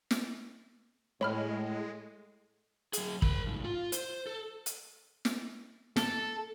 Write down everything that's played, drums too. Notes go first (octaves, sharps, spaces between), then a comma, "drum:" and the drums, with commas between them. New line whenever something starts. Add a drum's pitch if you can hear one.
drum: snare
A2 G#3 C#5 B5 F6
F#3 G#4, drum: hi-hat
A#4 B5, drum: kick
C2 G#2
F4
C5, drum: hi-hat
A4
drum: hi-hat
drum: snare
A4, drum: snare